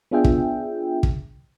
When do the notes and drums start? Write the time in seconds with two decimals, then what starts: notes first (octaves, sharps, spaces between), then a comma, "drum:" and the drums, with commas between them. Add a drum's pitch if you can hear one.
0.11 B3 D4 F4 G#4 E5 G5
0.24 drum: kick
1.03 drum: kick